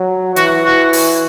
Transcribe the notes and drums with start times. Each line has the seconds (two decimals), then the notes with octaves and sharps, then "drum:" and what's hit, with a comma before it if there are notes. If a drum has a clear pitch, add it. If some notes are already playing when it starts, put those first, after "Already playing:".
Already playing: F#3
0.36 E3 F#4, drum: hi-hat
0.65 F#4
0.93 drum: open hi-hat